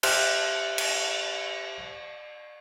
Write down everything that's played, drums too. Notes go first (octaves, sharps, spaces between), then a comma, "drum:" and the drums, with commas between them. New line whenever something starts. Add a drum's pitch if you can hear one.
G4 C5 E5 A5 F6 F#6, drum: cymbal
drum: cymbal